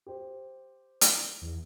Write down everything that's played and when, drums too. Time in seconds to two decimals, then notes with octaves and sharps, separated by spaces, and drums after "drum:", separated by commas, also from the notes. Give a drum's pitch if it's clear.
0.06 G4 C5
1.01 drum: hi-hat
1.42 E2